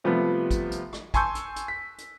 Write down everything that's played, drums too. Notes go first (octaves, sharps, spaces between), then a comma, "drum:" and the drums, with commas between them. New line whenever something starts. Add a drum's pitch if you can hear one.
C3 F3 G3 A3 B3
drum: kick, hi-hat
drum: hi-hat
drum: rim click
G#5 A5 C6 C#6 E6 G6, drum: kick, hi-hat
drum: hi-hat
drum: hi-hat
B6
drum: hi-hat